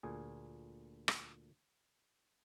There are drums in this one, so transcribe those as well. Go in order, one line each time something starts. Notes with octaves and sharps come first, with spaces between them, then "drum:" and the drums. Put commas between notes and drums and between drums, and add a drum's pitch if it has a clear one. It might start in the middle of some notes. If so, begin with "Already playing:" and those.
D2 A#2 G#4
drum: rim click